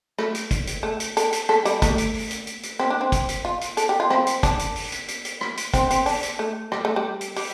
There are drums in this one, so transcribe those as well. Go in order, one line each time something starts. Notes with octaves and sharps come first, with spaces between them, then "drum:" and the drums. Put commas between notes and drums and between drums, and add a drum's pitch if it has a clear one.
A3, drum: rim click
drum: hi-hat
drum: kick, hi-hat
drum: hi-hat
A3
drum: hi-hat
A4, drum: hi-hat
drum: hi-hat
A4, drum: rim click
G3, drum: hi-hat
A3, drum: kick, hi-hat
drum: hi-hat
drum: open hi-hat
drum: hi-hat
drum: hi-hat
drum: hi-hat
C4, drum: rim click
D4
C4
drum: kick, hi-hat
drum: hi-hat
F4
drum: hi-hat
A4, drum: hi-hat
G4
F4
C4, drum: rim click
drum: hi-hat
D4, drum: kick, hi-hat
drum: hi-hat
drum: open hi-hat
drum: hi-hat
drum: hi-hat
drum: hi-hat
drum: rim click
drum: hi-hat
C4, drum: kick, hi-hat
C4, drum: hi-hat
D4, drum: open hi-hat
drum: hi-hat
A3
G3, drum: rim click
A3
G3
drum: hi-hat
G3, drum: open hi-hat